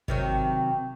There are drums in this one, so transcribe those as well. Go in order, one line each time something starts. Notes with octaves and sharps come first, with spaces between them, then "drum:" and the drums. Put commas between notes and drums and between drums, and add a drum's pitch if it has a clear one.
C3 D#3 F#3, drum: kick G#1